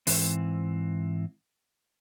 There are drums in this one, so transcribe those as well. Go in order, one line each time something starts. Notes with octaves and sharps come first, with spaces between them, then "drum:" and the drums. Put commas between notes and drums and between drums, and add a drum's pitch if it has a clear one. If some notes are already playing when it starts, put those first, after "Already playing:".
G#2 E3 C4, drum: open hi-hat